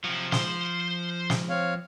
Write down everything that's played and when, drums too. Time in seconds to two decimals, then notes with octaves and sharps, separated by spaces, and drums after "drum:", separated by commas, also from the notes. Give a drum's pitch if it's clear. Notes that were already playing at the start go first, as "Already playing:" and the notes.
0.04 C3 F3 F#3
0.32 C5 C6, drum: snare
1.30 drum: snare
1.49 C4 C#5 F5